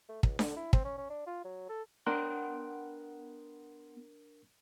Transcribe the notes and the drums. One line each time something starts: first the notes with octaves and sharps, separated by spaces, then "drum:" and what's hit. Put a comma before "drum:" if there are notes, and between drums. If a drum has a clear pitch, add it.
A3
C#2, drum: kick
D3, drum: snare D4
E4
C4, drum: kick
C#4
C#4
D4
F4
F#3
A4
B3 D4 A#4 G5 C6 F#6